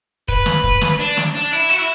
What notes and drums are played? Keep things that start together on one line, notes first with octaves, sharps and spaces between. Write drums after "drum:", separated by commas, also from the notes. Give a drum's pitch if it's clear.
B4, drum: kick
drum: snare
drum: kick
drum: snare
D4
drum: snare
D4
E4
F#4
E4